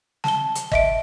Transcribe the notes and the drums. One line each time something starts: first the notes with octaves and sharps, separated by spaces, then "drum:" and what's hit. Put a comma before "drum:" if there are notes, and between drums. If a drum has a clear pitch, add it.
A5 G7, drum: snare
drum: hi-hat
D#5 E5 D7, drum: kick